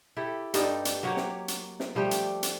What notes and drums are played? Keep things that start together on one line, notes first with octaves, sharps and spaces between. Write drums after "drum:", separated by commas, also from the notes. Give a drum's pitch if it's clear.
E4 G4 A4
G2 G3 D#4 A4, drum: hi-hat
drum: hi-hat
F#3 A#3 G4 C#5
drum: snare
drum: hi-hat
drum: snare
F3 G3 A3 G4
drum: hi-hat
drum: hi-hat